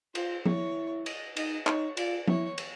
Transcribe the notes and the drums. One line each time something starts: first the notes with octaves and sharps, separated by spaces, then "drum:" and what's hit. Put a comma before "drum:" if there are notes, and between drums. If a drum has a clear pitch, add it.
F4 C5, drum: cymbal
E4 C#5, drum: tom F3
D#5, drum: cymbal
D#4 D#5, drum: cymbal
D#4 C#5, drum: clap
F4 D5, drum: cymbal
E4 C#5, drum: tom F3
drum: cymbal